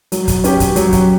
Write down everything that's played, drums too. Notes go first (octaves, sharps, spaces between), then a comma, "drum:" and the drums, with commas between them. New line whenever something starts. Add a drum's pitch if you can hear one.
F#3, drum: hi-hat
drum: kick, hi-hat
C#4 G4, drum: hi-hat
drum: kick, hi-hat
F#3, drum: hi-hat
drum: kick, hi-hat